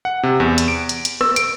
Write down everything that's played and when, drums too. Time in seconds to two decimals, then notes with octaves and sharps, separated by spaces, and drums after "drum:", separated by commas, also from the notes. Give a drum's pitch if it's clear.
0.05 F#5
0.23 C3
0.40 E2
0.58 drum: hi-hat
0.68 D7
0.89 drum: hi-hat
1.05 drum: hi-hat
1.21 E6, drum: rim click
1.36 D7, drum: hi-hat